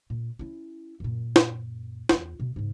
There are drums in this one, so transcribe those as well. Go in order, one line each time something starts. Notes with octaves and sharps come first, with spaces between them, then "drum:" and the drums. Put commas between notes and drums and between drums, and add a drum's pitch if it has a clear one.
A#2
C#4 E4
F#2 A#2
drum: snare
E2 F4, drum: snare
B2
G#2 C#3